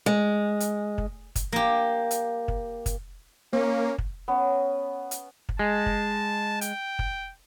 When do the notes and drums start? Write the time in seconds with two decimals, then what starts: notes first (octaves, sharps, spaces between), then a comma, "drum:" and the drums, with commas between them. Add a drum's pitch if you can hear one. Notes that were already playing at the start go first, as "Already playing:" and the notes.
0.06 G#3
0.60 drum: hi-hat
0.98 drum: kick
1.36 drum: kick, hi-hat
1.52 A#3 G4
2.11 drum: hi-hat
2.48 drum: kick
2.86 drum: kick, hi-hat
3.53 A#3 C#4
3.98 drum: kick
4.28 B3 C#4
5.11 drum: hi-hat
5.49 drum: kick
5.59 G#3 A5
5.86 drum: kick
6.61 G5, drum: hi-hat
6.99 drum: kick